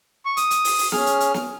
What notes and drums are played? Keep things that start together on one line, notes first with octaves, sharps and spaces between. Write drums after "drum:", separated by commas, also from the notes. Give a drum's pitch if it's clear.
C#6
D#6, drum: hi-hat
drum: hi-hat
drum: open hi-hat
drum: open hi-hat
C#4 G#4 F6, drum: snare
drum: hi-hat
drum: hi-hat
drum: snare